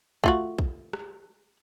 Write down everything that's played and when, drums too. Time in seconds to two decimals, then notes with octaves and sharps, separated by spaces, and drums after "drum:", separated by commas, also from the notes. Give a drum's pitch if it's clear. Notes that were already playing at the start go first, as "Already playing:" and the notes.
0.24 A3 F4 F#4, drum: kick
0.58 drum: kick
0.93 drum: rim click